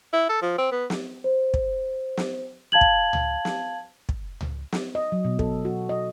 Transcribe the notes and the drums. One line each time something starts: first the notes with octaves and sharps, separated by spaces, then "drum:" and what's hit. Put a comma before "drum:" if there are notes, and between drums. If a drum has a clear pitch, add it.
E4
A4
F3
C4
B3
drum: snare
C5
drum: kick
drum: snare
F5 A5 G#6 F#7
drum: kick
drum: tom C#2
drum: snare
drum: kick
drum: tom C#2
drum: snare
D#5
F#3
B2
A4, drum: kick
F#4
D#5